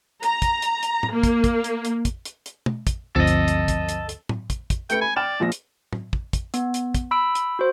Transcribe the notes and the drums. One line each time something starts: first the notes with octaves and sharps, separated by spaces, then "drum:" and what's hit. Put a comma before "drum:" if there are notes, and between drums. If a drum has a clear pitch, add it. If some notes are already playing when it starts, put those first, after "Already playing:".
A#5, drum: hi-hat
drum: kick, hi-hat
drum: hi-hat
drum: hi-hat
drum: tom
A#3
drum: kick, hi-hat
drum: kick, hi-hat
drum: hi-hat
drum: hi-hat
drum: kick, hi-hat
drum: hi-hat
drum: hi-hat
drum: tom
drum: kick, hi-hat
G1 D2 F3 C4 A4 D#5
drum: hi-hat
drum: hi-hat
drum: kick, hi-hat
drum: hi-hat
drum: hi-hat
drum: tom
drum: kick, hi-hat
drum: kick, hi-hat
A3 B4 G5 C#7, drum: hi-hat
G#5 B5
D5 G5 F6 E7
A#1 F3 A#6
drum: hi-hat
drum: tom
drum: kick
drum: kick, hi-hat
B3, drum: hi-hat
drum: hi-hat
drum: kick, hi-hat
B5 E6 D7
drum: hi-hat
F#4 C5